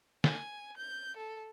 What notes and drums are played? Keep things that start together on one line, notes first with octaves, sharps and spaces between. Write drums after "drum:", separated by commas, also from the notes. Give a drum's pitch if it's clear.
G#5, drum: snare
G6
A4